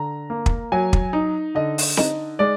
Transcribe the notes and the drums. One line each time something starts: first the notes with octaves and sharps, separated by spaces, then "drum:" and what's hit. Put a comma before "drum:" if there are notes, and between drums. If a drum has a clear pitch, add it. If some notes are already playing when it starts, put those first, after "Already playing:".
Already playing: D3 A#5
A#3
drum: kick
F#3 G#5
drum: kick
D#4
D3 D#5
drum: open hi-hat
D#4 D#5, drum: snare C4
G#3 D5